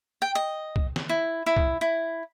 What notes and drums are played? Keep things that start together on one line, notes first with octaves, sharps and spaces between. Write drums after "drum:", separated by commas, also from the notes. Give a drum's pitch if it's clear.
G5
D#5
drum: kick C2
drum: snare
E4
E4
drum: kick C2
E4